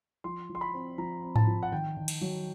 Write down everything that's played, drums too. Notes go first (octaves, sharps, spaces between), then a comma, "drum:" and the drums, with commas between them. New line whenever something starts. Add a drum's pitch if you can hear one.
F3 C6
F3
C6
B5
C4
F3 A#5
C4
A5, drum: tom G#2
F3
F#5
D#3 G5
D#3
drum: cymbal
F#3